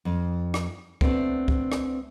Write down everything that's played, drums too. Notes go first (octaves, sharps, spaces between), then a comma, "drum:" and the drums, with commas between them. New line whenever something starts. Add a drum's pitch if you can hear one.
F2
drum: rim click
A3 B3 C4 D4 B4, drum: kick C2
drum: kick C2
drum: rim click